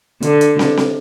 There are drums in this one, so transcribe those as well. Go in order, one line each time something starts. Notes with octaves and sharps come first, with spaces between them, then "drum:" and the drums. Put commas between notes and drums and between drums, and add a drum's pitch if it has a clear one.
D3, drum: hi-hat
drum: hi-hat
drum: snare
drum: snare